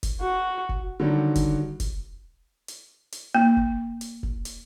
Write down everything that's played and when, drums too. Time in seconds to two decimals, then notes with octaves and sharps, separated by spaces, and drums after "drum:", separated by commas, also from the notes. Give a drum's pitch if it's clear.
0.03 drum: kick F1, hi-hat
0.21 F#4
0.69 drum: kick F1
1.00 D3 D#3 F#3 G3
1.35 drum: kick F1, hi-hat
1.80 drum: kick F1, hi-hat
2.68 drum: hi-hat
3.12 drum: hi-hat
3.35 A#3
3.57 drum: kick F1
4.01 drum: hi-hat
4.23 drum: kick F1
4.45 drum: hi-hat